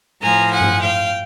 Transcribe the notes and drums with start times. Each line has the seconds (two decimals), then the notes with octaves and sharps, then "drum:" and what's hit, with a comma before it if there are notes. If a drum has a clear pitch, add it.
0.22 A2 F3 G#5 A#5
0.51 F#5 G#5
0.61 drum: tom G2
0.81 F5 G5